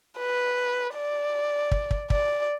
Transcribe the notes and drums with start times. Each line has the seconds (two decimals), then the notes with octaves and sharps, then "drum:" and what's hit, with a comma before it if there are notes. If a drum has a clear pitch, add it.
0.18 B4
0.95 D5
1.72 drum: kick
1.91 drum: kick
2.10 D5, drum: kick